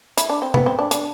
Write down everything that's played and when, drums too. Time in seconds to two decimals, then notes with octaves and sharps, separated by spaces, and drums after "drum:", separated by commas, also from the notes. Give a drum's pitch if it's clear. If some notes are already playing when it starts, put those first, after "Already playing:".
0.17 E4, drum: hi-hat
0.29 D4
0.42 C4
0.54 B3, drum: tom C3
0.66 C4
0.79 D4
0.91 D4, drum: hi-hat